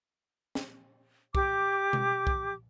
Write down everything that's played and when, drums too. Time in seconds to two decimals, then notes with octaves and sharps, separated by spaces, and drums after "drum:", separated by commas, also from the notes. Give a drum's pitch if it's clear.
0.55 drum: snare
1.35 G4 D6, drum: kick
1.93 drum: tom B2
2.27 drum: kick